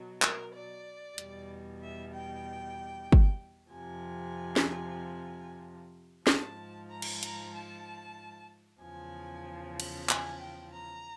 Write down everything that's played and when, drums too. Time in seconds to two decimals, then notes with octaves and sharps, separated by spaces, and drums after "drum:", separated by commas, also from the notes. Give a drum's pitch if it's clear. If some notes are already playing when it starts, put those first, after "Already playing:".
Already playing: B2 F#3
0.22 A#4, drum: clap
0.54 D5
1.18 E2 B2 G3, drum: hi-hat
1.82 E5
2.14 G5
3.12 drum: kick
3.72 F2 C3 F3 G#5
4.56 drum: snare
6.27 G#2 F3 A5, drum: snare
6.90 A#5
7.02 drum: cymbal
7.23 A#5, drum: hi-hat
7.54 A5
8.81 E2 C#3 F3 G#5
9.80 drum: cymbal
10.09 G#5, drum: clap
10.40 G5
10.72 A#5